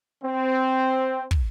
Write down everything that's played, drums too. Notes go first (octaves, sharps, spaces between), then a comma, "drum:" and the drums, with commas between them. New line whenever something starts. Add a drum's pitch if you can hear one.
C4
drum: kick